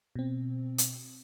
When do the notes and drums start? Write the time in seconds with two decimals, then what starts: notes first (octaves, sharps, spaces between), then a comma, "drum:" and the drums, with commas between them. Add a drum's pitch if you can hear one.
0.15 B2 C4
0.78 drum: hi-hat